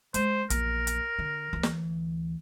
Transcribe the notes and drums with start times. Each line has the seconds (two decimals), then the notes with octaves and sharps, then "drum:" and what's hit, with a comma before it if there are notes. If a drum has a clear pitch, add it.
0.14 G#3 C5, drum: hi-hat
0.50 A#1 E2 A#4, drum: hi-hat
0.87 drum: hi-hat
1.19 D3
1.53 D2 E3
1.63 drum: snare